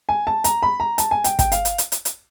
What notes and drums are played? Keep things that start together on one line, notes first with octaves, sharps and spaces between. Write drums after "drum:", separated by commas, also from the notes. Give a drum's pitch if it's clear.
G#5
A5
A#5, drum: hi-hat
B5
A#5
A5, drum: hi-hat
G#5
G5, drum: hi-hat
G5, drum: kick, hi-hat
F5, drum: hi-hat
drum: hi-hat
drum: hi-hat
drum: hi-hat
drum: hi-hat